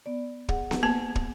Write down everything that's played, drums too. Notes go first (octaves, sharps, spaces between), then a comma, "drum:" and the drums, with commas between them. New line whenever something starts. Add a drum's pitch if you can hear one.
B3 D5
G#4 F#5, drum: kick
drum: snare B3
A#3 B3 A5
drum: kick